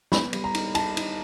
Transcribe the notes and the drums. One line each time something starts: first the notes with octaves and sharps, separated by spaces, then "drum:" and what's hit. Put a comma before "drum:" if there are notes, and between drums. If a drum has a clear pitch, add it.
B3 B5, drum: snare
G3, drum: cymbal
A#5
D#4, drum: cymbal
D#4 A5, drum: cymbal
D#4, drum: cymbal